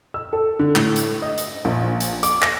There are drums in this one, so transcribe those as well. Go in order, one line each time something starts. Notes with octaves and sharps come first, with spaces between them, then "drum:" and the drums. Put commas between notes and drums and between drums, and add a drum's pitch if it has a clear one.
E6
A4
D3
A2, drum: clap
drum: hi-hat
D#5
drum: hi-hat
A#1
drum: hi-hat
D6, drum: hi-hat
A#6, drum: clap